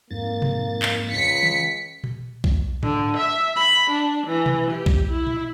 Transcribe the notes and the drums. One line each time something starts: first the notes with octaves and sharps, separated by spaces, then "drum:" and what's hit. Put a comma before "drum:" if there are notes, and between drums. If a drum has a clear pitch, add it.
F2 G#2 A#3 A6
drum: tom B2
drum: clap
C#2 B6 C#7
drum: tom D#3
drum: tom A#2
drum: kick B1
D3, drum: tom G#2
E5
B5
D4
E3
drum: tom B2
G4
drum: kick B1
E4
drum: tom A#2